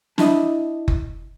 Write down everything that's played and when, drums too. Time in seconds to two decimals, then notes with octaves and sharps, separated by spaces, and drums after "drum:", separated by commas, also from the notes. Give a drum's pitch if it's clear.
0.18 D4 E4 D#5, drum: snare
0.88 drum: kick F#1